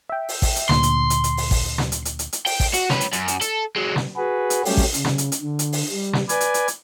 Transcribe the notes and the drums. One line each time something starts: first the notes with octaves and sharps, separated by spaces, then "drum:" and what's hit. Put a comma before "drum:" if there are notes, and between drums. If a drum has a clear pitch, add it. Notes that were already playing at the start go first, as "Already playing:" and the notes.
E5 G5
drum: open hi-hat
drum: kick A1, open hi-hat
drum: hi-hat
D2 A#2 D3 C6, drum: snare
drum: hi-hat
drum: hi-hat
drum: hi-hat
drum: open hi-hat
drum: kick A1, open hi-hat
drum: snare
drum: hi-hat
drum: hi-hat
drum: hi-hat
drum: hi-hat
G5, drum: open hi-hat
drum: kick A1, open hi-hat
F#4, drum: hi-hat
C#4 B4, drum: snare
drum: hi-hat
F#2, drum: hi-hat
drum: hi-hat
A4, drum: hi-hat
F#3 G#3
drum: snare
F#4 G#4 B4
drum: hi-hat
F#3 G3 A3 C#4 G4, drum: open hi-hat
drum: kick A1, open hi-hat
C#3, drum: hi-hat
drum: snare
drum: hi-hat
drum: hi-hat
D3
drum: hi-hat
drum: open hi-hat
G3
drum: snare
B4 D5 G#5, drum: hi-hat
drum: hi-hat
drum: hi-hat
drum: hi-hat